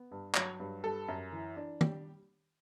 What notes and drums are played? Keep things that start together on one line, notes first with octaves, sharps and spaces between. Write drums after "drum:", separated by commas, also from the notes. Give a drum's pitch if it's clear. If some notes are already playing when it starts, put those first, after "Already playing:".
Already playing: B3
G2
F#3 C#5, drum: clap
G2
G3 A4
F#2
E3
D4
G3 G4, drum: tom